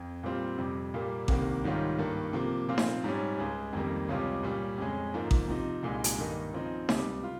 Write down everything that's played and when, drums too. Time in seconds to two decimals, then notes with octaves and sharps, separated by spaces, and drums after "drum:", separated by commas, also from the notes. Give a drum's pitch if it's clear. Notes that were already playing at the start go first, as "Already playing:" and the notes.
Already playing: F2
0.23 A#2 G3 C4 F4
0.58 F2 C3 G3
0.94 A#2 G3 A#3
1.28 C2 C3 D#3 A#3, drum: kick A1
1.64 G#2 D#3 G3 C#4 F4
1.99 G2 D#3 A#3
2.33 C3 F3 A#3
2.68 A#2 F3 C4 F4
2.78 drum: snare D#4
3.04 G#2 G3 C#4
3.38 C#2 C#3 G#3
3.73 F2 D#3 G3 A#3
4.08 C#2 C3 G3 C#4 F4
4.43 A#2 G3 C#4
4.78 F2 C#3 G#3 C#4
5.14 G#2 F3 A#3
5.31 drum: kick A1
5.48 C3 F3 C4 D#4
5.83 C2 A#2 G#3 D#4
6.04 drum: hi-hat
6.18 G2 D#3 A#3 D#4
6.53 C#3 F3 C4 D#4
6.89 C#2 C3 G3, drum: snare D#4
7.23 F4